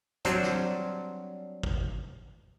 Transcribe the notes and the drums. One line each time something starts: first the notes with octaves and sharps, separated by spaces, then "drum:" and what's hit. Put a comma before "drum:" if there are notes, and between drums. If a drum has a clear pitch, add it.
F#3 G3 C4 D4 C5 A#5, drum: hi-hat
drum: snare
drum: kick